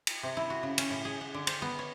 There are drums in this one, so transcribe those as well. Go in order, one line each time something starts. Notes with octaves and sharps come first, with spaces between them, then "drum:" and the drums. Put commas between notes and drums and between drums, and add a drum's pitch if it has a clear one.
drum: cymbal
C3
E4
F#4
C#3
C#4, drum: cymbal
A2
G#4
F#5
D3
C5, drum: cymbal
B3
C#5